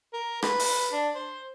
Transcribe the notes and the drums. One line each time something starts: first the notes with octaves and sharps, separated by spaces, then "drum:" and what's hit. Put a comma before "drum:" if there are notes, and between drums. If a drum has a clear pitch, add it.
A#4
B4, drum: rim click
drum: open hi-hat
D4
C5